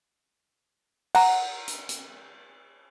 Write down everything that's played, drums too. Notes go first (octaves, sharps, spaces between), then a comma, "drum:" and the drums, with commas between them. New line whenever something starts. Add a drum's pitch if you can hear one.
F#5 A#5, drum: cymbal
drum: hi-hat
drum: hi-hat